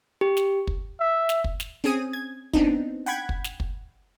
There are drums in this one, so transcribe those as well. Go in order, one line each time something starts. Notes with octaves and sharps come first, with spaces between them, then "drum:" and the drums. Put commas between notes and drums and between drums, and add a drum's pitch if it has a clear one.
G4
drum: snare
drum: kick
E5
drum: snare
drum: kick
drum: snare
C4 C#4 G#4 G#5 D#6 D#7
G#6
B3 C4 D4 D#4, drum: kick
F#5 G5 B5 G#6
drum: kick
drum: snare
drum: kick